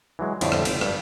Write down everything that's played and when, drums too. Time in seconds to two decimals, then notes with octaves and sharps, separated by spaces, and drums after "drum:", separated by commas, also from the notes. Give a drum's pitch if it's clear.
0.19 E3 F#3 G#3
0.41 F2 A2 D3 G4 A4, drum: cymbal
0.52 drum: rim click
0.65 G1 G5, drum: cymbal
0.81 G2 G4, drum: rim click